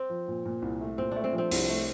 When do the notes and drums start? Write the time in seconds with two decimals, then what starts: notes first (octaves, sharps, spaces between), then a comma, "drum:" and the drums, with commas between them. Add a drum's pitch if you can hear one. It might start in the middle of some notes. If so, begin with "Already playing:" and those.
Already playing: C4
0.10 F3
0.28 A#2
0.46 A#2
0.62 C2
0.81 A3
0.98 A#2 C4
1.11 A3 D4
1.24 C4
1.33 F3
1.38 C4
1.51 C2, drum: open hi-hat
1.69 A3